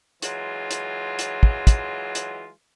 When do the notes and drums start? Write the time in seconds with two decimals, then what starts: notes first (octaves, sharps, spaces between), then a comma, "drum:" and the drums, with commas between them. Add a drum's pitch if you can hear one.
0.22 E3 F#3 G#3 F4, drum: hi-hat
0.71 drum: hi-hat
1.19 drum: hi-hat
1.43 drum: kick
1.67 drum: kick, hi-hat
2.15 drum: hi-hat